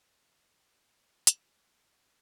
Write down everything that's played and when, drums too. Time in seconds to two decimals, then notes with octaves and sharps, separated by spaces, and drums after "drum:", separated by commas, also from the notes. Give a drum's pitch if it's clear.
0.14 E3
0.51 D3
0.89 F#2
1.27 drum: hi-hat